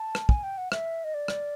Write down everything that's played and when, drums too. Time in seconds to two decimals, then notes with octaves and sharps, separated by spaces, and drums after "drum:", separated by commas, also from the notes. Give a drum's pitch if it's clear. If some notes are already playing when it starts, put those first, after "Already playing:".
Already playing: A5
0.15 drum: rim click
0.29 G#5, drum: kick
0.43 G5
0.58 F#5
0.72 E5, drum: rim click
1.04 D#5
1.14 D5
1.28 drum: rim click